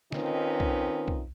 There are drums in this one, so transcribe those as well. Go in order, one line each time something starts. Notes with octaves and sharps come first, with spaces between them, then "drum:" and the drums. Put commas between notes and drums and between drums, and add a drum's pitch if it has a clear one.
D#3 C4 C#4 D#4 F4 B4, drum: snare
drum: kick
drum: kick